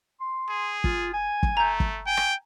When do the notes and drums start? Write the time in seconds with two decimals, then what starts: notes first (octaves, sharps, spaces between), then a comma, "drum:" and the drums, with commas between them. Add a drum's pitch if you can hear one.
0.20 C6
0.50 G#4
0.84 F4, drum: kick
1.13 G#5
1.43 drum: kick
1.57 A3 A#5 G6
1.80 drum: kick
2.06 G5 G#5
2.17 drum: rim click